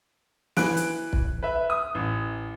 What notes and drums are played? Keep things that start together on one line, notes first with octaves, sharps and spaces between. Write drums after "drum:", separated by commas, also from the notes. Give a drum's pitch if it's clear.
E3 B4 F#6 D7, drum: snare
drum: hi-hat
drum: kick
B4 E5
D#6
A1